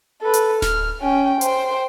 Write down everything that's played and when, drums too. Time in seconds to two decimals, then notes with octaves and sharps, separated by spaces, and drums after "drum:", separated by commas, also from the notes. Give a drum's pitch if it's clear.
0.21 A4 B4
0.34 drum: hi-hat
0.62 F6, drum: snare D1
1.01 C#4 G5
1.41 C5 G5, drum: hi-hat